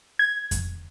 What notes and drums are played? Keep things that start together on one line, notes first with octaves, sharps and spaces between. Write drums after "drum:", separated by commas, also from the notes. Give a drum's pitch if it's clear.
G#6
drum: kick F2, hi-hat